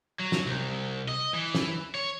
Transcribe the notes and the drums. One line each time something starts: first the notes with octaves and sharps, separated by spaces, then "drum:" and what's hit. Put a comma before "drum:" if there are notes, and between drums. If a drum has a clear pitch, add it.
F#3
drum: snare
C2
D#5
E3
drum: snare
C#5